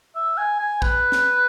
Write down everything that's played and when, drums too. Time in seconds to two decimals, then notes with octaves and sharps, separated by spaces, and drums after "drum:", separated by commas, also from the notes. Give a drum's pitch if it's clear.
0.15 E5
0.37 G#5
0.60 G#5
0.82 B4, drum: kick
1.12 drum: snare